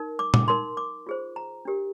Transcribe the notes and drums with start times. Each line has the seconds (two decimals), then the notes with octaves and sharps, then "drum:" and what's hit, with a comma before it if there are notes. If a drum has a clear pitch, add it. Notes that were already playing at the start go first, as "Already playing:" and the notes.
Already playing: D#4 A#4
0.19 D6
0.34 D6, drum: tom
0.48 D#4 A#4 C6
0.77 D6
1.07 F4 G#4 C5
1.36 A#5
1.65 D4 G4 A#4